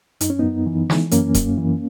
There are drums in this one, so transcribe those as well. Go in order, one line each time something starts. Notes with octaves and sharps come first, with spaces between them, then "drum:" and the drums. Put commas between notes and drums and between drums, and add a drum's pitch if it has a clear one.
F#2 D#4, drum: hi-hat
C#4
F#2 B3 D#4
E3
E3, drum: snare
F#2 A#3 C#4, drum: hi-hat
F#2, drum: kick D#1, hi-hat
E3